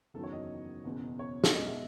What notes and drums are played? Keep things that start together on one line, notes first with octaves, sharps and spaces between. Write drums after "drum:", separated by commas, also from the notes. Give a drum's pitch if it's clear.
F#1 E2 D#3 F#3 A4
C#5
D#5
F#1 E2 B2
C#5
drum: snare
B1 B2 G#3 D#5
E5